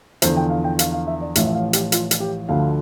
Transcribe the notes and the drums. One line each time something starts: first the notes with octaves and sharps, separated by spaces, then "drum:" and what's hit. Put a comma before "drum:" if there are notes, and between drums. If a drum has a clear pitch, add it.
E2 D3 F3 C5, drum: hi-hat
G5
F5
G5
F5, drum: hi-hat
F5
E5
D5
A1 A2 F3 E5, drum: hi-hat
E5
F5
G4, drum: hi-hat
F4, drum: hi-hat
drum: hi-hat
G4
D2 D3 F3 F5